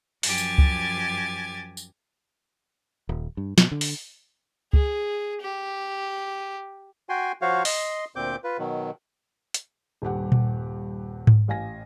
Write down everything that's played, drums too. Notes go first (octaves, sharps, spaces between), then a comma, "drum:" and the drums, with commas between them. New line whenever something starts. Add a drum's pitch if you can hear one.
F#2 F3 G4 G#5 G#6 A6, drum: open hi-hat
drum: tambourine
drum: kick C#2
drum: tambourine
D#1
G2
B2, drum: snare
D3
drum: open hi-hat
G#4, drum: kick C#2
G4
F#4 G5 G#5 C6
F3 F#4 C5 C#5 F5
D#5 C6, drum: open hi-hat
D2 A#2 C4 D6 G6
F4 B4
B2 D#3 F#3
drum: hi-hat
D#1 G2 G4 F#5
drum: tom A#2
drum: tom G#2
A1 F5 G#5 A#6